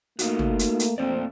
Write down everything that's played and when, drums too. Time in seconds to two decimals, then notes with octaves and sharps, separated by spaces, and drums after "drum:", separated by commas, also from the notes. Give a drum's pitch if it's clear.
0.19 A3 A#3 D#4 F4 F#4, drum: hi-hat
0.39 drum: tom
0.59 drum: hi-hat
0.79 drum: hi-hat
0.98 F2 A3 A#3 C4 C5 D5